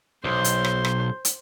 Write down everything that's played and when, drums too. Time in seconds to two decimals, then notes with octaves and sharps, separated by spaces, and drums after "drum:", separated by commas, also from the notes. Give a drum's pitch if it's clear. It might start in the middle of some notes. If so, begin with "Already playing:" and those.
0.24 B1 C5
0.44 drum: hi-hat
0.64 drum: rim click
0.85 drum: rim click
1.25 drum: hi-hat